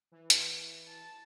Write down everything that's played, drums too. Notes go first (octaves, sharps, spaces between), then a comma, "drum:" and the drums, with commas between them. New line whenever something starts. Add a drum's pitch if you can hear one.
E3
drum: hi-hat
A5